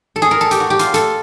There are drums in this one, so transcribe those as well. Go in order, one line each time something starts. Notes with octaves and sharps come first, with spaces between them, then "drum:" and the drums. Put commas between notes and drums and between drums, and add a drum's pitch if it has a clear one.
A4
G#4, drum: snare
A#4
A4
G4, drum: hi-hat
F#4
G4
F4, drum: hi-hat
A4, drum: hi-hat